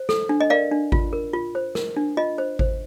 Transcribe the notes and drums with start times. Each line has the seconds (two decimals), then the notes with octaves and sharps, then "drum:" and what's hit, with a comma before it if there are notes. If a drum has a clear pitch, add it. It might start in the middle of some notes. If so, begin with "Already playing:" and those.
Already playing: C5
0.09 A4, drum: snare
0.29 D4
0.40 D#5
0.50 A#4 D5 F5
0.72 D4
0.92 F4, drum: kick G#1
1.13 A#4
1.33 F4
1.55 C5
1.75 A#4, drum: snare
1.96 D4
2.17 F4 D#5
2.38 C5
2.59 C5, drum: kick G#1